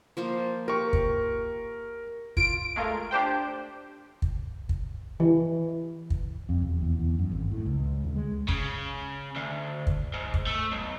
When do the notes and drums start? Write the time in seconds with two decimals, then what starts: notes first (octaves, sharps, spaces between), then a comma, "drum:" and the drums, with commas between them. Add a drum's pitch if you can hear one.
0.17 F3 A#3 C5
0.68 G4 A#4 C#6
0.93 drum: kick
2.37 F4 D7, drum: kick
2.76 G#3 A3 F4 A#4
3.11 D4 G4 C5 G5
4.22 drum: kick
4.69 drum: kick
5.20 E3
6.10 drum: kick
6.49 F2
6.62 E1
6.82 E2
6.99 E2
7.19 F#2
7.32 G#1
7.51 A2
7.66 C#2
8.04 D2
8.16 G#3
8.49 C#3, drum: kick
9.36 D2
9.87 drum: kick
10.14 G#2
10.34 drum: kick
10.47 A3
10.72 B1